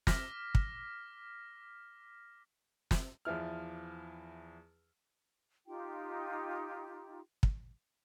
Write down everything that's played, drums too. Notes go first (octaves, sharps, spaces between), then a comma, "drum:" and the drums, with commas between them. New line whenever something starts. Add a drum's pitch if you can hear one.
D6 F6 A#6 B6, drum: snare
drum: kick
drum: snare
E2 F3 E4 F6
D#4 F4 G4 G5
drum: kick